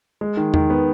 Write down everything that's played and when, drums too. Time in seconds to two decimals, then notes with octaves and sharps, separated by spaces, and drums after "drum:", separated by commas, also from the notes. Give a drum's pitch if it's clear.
0.21 G#3
0.37 D#3
0.54 D#3, drum: tom E2
0.70 B3